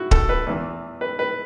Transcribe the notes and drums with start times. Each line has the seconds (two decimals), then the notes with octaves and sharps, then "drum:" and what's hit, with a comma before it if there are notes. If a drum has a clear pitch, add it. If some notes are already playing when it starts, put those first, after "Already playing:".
Already playing: E4 F#4
0.11 A4, drum: kick D1
0.29 B4
0.47 E2 E3
1.01 B4
1.19 B4